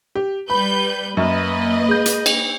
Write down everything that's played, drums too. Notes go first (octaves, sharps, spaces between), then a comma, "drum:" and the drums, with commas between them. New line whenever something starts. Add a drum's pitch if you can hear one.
G4
G3 B4 B5 G6
F#2 A#3 B4 D#5
G#3 G6
drum: hi-hat
drum: cymbal